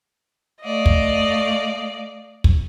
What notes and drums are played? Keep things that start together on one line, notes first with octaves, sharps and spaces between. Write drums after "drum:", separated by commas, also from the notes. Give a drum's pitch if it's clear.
A3 D5 D#5 F5
drum: kick
drum: kick